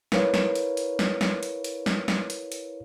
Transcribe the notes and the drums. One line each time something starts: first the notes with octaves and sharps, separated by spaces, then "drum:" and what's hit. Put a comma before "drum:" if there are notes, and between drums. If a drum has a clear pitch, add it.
E4 A#4 B4 C#5 F5, drum: snare
drum: snare
drum: hi-hat
drum: hi-hat
drum: snare
drum: snare
drum: hi-hat
drum: hi-hat
drum: snare
drum: snare
drum: hi-hat
drum: hi-hat